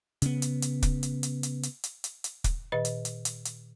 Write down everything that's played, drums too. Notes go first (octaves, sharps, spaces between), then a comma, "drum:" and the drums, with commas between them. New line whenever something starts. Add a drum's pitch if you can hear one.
C#3 B3, drum: hi-hat
drum: hi-hat
drum: hi-hat
drum: kick, hi-hat
drum: hi-hat
drum: hi-hat
drum: hi-hat
drum: hi-hat
drum: hi-hat
drum: hi-hat
drum: hi-hat
drum: kick, hi-hat
A#2 D#3 B4 D#5
drum: hi-hat
drum: hi-hat
drum: hi-hat
drum: hi-hat